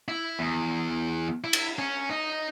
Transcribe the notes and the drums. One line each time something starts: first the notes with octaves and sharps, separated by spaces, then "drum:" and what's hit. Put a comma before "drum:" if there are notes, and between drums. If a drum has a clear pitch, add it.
E4
E2
E4
drum: cymbal
C#4
D#4